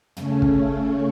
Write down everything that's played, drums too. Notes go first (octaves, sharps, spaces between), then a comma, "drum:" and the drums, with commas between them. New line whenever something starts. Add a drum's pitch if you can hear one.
C#3 A3 C#4, drum: tom
drum: kick